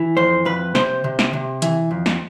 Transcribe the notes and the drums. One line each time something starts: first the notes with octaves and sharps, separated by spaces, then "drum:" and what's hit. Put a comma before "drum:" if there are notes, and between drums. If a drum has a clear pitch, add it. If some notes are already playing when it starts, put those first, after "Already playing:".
Already playing: E3
F2 C5
F2 B4
C3 C5, drum: snare
C3
drum: snare
C3
E3, drum: hi-hat
F2
drum: snare